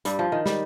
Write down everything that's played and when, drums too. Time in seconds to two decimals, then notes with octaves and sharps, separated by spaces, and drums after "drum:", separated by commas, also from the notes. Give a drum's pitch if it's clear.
0.05 G2 G3, drum: hi-hat
0.19 F3
0.32 D#3
0.46 G3, drum: snare